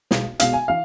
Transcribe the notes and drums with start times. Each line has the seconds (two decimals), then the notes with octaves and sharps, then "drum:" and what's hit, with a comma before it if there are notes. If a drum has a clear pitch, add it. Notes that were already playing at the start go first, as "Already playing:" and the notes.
0.11 B1 B2 G#3, drum: snare
0.40 B1 B2 G#3 F5, drum: hi-hat
0.53 G#5
0.68 E3 F5